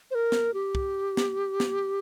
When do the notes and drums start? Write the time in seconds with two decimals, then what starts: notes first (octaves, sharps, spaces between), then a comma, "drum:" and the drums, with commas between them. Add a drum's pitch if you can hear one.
0.11 C5
0.15 A#4
0.32 drum: snare
0.54 G4
0.75 drum: kick
1.17 drum: snare
1.60 drum: snare